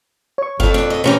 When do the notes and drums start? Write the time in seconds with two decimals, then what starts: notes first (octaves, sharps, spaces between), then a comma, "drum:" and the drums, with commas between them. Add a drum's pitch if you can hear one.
0.38 C#5 C#6
0.60 F2 F5, drum: kick F#1
0.74 D4
0.90 D#5
1.04 C3 E3 C#4 D#4